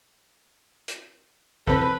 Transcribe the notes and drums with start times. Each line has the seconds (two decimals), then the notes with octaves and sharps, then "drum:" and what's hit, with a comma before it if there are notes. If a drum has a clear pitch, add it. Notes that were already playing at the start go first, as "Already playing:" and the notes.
0.88 drum: hi-hat
1.67 C4 A4 B4, drum: kick G#1